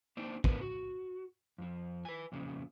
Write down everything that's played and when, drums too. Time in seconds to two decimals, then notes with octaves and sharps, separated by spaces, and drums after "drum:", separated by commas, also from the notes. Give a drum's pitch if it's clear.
0.17 A#3 C4 D4 D#4
0.44 B3 D4 A#4 B4, drum: kick
0.61 F#4
1.58 F2 F3
2.05 B4 G#5
2.32 F2 A#2 C#3